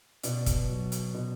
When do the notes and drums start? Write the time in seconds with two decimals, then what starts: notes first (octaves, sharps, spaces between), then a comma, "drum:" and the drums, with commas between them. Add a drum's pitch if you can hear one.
0.23 B2 D5, drum: hi-hat
0.46 drum: kick, hi-hat
0.69 F#3
0.92 drum: hi-hat
1.14 B2